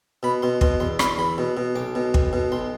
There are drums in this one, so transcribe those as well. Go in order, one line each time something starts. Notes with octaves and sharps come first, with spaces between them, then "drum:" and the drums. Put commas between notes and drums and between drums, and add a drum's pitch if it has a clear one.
B2 B5
B2 C6
B2 C6, drum: kick
E2 C6
E2 B5, drum: rim click
C6
E2 B5
B2
B2
B1 D6
B2
B1, drum: kick
B2
B1 C6